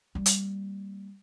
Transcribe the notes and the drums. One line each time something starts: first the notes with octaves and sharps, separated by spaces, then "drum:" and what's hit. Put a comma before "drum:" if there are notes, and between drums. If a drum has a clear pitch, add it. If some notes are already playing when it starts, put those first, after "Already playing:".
G3 A#3
drum: hi-hat